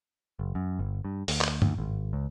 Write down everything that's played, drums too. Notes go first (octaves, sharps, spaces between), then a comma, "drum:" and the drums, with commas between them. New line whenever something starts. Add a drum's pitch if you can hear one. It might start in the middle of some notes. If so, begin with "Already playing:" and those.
F#1
F#2
G1
G2
D2, drum: open hi-hat
drum: clap
D2, drum: tom
G#1
C#2